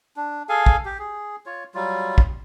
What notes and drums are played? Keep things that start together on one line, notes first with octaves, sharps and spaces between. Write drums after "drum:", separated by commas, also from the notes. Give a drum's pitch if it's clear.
D4
G#4 A4 F5 G#5
drum: kick
G4
G#4
F4 C#5
F#3 G3 F4
drum: kick